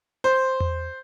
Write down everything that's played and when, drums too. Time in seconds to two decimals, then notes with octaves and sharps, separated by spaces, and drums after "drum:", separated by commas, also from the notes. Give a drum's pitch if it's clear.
0.24 C5
0.60 drum: tom E2